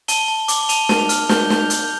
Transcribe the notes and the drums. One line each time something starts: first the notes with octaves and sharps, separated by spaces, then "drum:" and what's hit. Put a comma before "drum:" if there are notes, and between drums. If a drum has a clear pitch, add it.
A5 G7, drum: hi-hat
A5
D6, drum: hi-hat
G7
A5 F7, drum: hi-hat
A5, drum: snare
F7
F6, drum: hi-hat
G6 G7, drum: snare
G6, drum: snare
F7
G6, drum: hi-hat